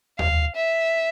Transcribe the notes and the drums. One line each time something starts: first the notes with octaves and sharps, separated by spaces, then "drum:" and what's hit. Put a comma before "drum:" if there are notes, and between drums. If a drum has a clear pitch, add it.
F5, drum: tom D#2
E5